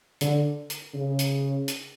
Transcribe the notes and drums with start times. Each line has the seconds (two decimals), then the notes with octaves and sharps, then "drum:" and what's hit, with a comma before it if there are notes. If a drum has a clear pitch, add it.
0.21 D3, drum: hi-hat
0.70 drum: hi-hat
0.94 C#3
1.19 drum: hi-hat
1.68 drum: hi-hat